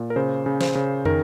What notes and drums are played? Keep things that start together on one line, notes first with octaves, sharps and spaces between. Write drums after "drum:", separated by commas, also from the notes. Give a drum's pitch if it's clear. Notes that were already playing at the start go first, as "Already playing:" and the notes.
Already playing: A#2
A#4
C#3 C5
C#3
C5, drum: snare
C#3
D#3 A#4, drum: tom